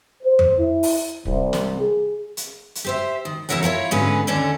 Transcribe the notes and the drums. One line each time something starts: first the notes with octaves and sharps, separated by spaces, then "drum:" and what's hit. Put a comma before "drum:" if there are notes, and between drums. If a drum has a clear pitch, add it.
C5
drum: tom F2
E4
drum: open hi-hat
C2, drum: kick
drum: snare
G#4
drum: hi-hat
drum: hi-hat
G4 C5 E5
D#3
E2 F#3 E4 A#4 C#5 F#5
E4 F4 A4 C#5
G#2 D3 B3 C#4 B4
D#2 D3 C#4 A4 D5